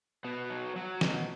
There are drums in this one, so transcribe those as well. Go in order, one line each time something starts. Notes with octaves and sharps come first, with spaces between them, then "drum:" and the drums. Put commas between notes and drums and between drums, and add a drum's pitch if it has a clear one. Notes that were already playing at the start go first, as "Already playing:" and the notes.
B2 B3
F#3
F#3
B2, drum: snare